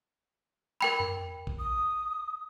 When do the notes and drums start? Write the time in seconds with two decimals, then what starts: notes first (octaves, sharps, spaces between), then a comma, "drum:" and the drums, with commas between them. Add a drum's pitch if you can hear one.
0.81 A#4 G5 B5
1.00 drum: tom F2
1.47 drum: kick
1.59 D#6